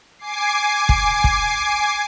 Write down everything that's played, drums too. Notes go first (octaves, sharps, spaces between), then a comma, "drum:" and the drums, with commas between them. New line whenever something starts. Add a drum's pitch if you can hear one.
G#5 D6 C7
drum: kick
drum: kick